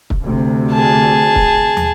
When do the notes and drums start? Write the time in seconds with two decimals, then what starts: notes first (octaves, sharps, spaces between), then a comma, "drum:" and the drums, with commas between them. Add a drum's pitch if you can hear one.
0.10 drum: kick
0.23 D2 C3
0.73 G#4 A5
1.35 drum: kick
1.77 drum: tom